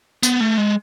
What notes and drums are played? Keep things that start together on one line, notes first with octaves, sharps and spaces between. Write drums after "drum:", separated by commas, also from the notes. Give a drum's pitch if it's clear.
B3, drum: tambourine
A3
G#3